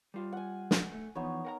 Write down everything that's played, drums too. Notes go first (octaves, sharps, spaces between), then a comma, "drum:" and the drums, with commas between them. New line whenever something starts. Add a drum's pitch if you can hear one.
G3 F4
F#5 G#5
drum: snare
A3
E2 F3 B3 D#4 C#5
A#4 F#5 A#5